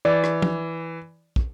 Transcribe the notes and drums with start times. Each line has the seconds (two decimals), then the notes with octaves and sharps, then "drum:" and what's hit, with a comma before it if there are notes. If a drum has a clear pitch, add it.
0.05 E3 D5
0.24 drum: rim click
0.42 drum: tom
1.36 drum: kick